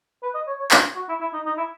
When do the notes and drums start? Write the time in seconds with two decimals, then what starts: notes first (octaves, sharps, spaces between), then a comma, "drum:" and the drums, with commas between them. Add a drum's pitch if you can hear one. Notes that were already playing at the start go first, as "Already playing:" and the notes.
0.23 B4
0.35 D#5
0.47 C#5
0.60 C#5
0.71 B4, drum: clap
0.96 F#4
1.09 E4
1.21 E4
1.33 D#4
1.46 D#4
1.58 E4